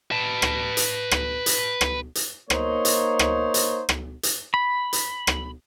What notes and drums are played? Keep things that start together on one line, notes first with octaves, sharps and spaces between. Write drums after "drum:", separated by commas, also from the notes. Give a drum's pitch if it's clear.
B4 A5
drum: rim click
drum: hi-hat
drum: rim click
drum: hi-hat
drum: rim click
drum: hi-hat
A#3 D#4 C5 C#5, drum: rim click
drum: hi-hat
drum: rim click
drum: hi-hat
drum: rim click
drum: hi-hat
B5
drum: hi-hat
drum: rim click